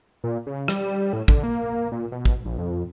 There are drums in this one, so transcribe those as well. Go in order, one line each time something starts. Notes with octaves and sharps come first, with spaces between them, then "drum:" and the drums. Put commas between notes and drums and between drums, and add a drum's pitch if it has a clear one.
A#2
C#3
G3, drum: rim click
A2
D3, drum: kick
A#3
A#2
B2
drum: kick
A#1
F2